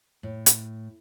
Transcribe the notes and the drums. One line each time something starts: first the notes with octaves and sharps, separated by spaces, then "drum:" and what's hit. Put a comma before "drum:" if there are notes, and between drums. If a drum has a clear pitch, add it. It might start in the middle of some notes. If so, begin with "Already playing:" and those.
A2
drum: hi-hat